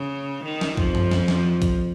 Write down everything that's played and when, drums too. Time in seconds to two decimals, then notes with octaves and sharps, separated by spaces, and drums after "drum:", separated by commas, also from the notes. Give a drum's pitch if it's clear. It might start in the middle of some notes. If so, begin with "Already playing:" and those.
Already playing: C#3
0.44 D#3
0.61 drum: snare
0.77 F2 F3, drum: kick A#1
0.95 drum: tom F#2
1.12 drum: snare
1.28 drum: snare
1.62 drum: kick A#1, hi-hat